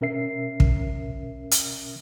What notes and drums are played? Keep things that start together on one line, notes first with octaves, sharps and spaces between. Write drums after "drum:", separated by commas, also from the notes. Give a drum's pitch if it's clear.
B2 C#4 A#4 E5 C7
drum: kick
drum: hi-hat